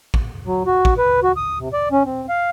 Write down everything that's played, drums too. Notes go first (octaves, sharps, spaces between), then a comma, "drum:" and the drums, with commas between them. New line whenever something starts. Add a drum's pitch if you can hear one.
drum: kick
F#3
F#4
drum: kick
B4
F#4
D#6
C3
D5
C#4
C4
F5